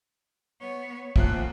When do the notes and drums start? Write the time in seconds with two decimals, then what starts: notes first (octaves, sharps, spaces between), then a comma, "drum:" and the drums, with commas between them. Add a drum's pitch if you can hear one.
0.60 B3 C#5
1.16 D2 F3 A#3 F#6, drum: kick